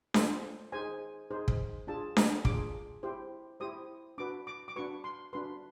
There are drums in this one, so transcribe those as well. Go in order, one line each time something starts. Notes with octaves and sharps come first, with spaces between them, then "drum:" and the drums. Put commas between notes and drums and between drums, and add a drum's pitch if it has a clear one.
F4 A4 C5, drum: snare D4
D#4 G#4 C5 G#5
D#4 G#4 C5
drum: kick
D4 F4 G#4 A5
A#5, drum: snare D4
D4 F4 G#4 D6, drum: kick
E4 G4 C5
E4 G4 C5 D#6
D4 F#4 B4 D6
D6
D6
D4 F#4 B4 C#6
C6
D4 F#4 B4 C6